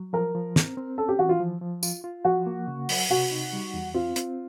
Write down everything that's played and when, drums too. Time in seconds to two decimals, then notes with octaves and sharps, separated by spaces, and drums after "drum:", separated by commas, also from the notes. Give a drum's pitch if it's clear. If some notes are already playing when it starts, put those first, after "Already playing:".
Already playing: F#3
0.13 F3 A#4
0.35 F3
0.56 C4, drum: snare
0.77 C4
0.98 C#4 A4
1.08 G4
1.19 E3 F#4
1.29 F4
1.40 F3
1.61 F3
1.83 F4, drum: tambourine
2.04 F4
2.25 F3 F#4
2.46 A#3
2.67 C#3
2.89 F#3, drum: open hi-hat
3.10 C3 F#4
3.32 D#4
3.53 G3
3.74 E2
3.94 C4 F4
4.16 C4, drum: hi-hat